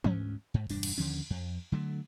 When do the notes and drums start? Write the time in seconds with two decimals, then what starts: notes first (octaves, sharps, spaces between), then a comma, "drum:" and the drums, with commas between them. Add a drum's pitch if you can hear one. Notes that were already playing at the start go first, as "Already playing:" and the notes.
0.04 D2 G#2 C#4, drum: tom E3
0.54 G#2
0.70 E1 G2 D4, drum: open hi-hat
0.83 drum: cymbal
0.98 D#2 D3 F3 C#4
1.30 F2
1.72 D3 F#3 A3